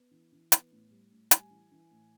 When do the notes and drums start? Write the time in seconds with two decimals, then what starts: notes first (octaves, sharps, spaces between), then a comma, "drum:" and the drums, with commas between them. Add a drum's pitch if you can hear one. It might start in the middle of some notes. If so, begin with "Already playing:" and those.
Already playing: B3
0.11 E3
0.32 E3
0.52 B3, drum: hi-hat
0.72 A2
0.91 G3
1.12 A2
1.31 G3 G#5, drum: hi-hat
1.50 E3
1.72 E3
1.91 A2